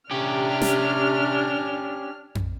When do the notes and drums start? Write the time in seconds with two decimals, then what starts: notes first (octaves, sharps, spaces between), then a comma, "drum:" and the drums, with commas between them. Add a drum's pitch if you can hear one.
0.11 C3 C#4 D4 G4 F6
0.62 drum: snare
2.35 drum: tom F2